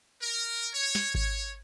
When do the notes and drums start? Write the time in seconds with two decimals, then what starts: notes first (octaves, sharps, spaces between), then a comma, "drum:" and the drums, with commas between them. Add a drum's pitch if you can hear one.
0.22 A#4
0.74 C#5
0.95 drum: snare
1.14 C#5, drum: kick G#1